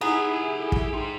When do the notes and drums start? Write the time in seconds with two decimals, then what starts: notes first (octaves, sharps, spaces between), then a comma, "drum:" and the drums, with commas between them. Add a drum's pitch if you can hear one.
0.01 B3 D#4 E4 G4 G#4 B4 G#5 A#5
0.59 A4
0.72 drum: kick
0.93 D#4 F4 G#4 G5 C6